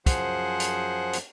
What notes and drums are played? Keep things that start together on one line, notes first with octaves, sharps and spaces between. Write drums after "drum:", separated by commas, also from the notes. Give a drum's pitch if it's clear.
F#2 F3 G#4 C5 F#5, drum: kick, hi-hat
drum: hi-hat
drum: hi-hat